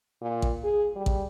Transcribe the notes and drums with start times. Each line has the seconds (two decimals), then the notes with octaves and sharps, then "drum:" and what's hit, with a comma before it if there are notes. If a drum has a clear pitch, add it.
0.22 A#2
0.42 drum: kick A1
0.64 G#4
0.96 G3
1.06 drum: kick A1